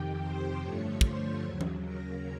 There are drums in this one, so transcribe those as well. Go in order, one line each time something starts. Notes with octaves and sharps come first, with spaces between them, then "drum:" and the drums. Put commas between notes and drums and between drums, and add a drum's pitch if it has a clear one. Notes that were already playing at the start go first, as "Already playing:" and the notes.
Already playing: F2 C3 D#3 G4 G5
C5 C6
G2 D3 F3 A3 C#5 C#6
C5 C6, drum: kick
D#2 C#3 F#3
drum: tom E3
A#4 A#5